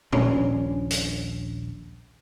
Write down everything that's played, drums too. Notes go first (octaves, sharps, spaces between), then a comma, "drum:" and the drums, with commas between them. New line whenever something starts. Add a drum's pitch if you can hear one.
D#1 A#1 C#4 D4, drum: tom A#2
drum: hi-hat